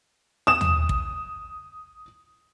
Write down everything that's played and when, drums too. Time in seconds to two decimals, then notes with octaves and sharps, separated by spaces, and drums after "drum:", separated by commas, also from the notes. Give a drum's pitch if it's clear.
0.47 D#6 E7
0.61 drum: tom
0.89 drum: kick